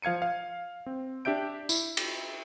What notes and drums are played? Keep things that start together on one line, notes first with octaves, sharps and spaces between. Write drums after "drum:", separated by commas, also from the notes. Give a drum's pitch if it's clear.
F3 F5 G#6 C#7 D#7
F5
C4
D4 G4 E5 G6 D7
E4, drum: tambourine
drum: cymbal